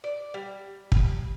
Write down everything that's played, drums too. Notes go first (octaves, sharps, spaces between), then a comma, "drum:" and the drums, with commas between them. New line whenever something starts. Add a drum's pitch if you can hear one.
D5
G3
drum: kick